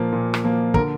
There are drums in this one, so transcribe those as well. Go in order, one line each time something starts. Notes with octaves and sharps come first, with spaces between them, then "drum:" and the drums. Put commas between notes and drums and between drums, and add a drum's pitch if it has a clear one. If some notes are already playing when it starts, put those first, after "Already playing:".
Already playing: A#2 F3 A#3
A#2
drum: rim click
F3 A#3
D3 A#4, drum: kick